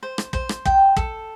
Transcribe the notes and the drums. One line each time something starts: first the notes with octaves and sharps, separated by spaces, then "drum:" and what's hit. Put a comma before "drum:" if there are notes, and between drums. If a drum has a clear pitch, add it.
C5
drum: rim click
C5, drum: kick
drum: rim click
G5, drum: kick
A4, drum: kick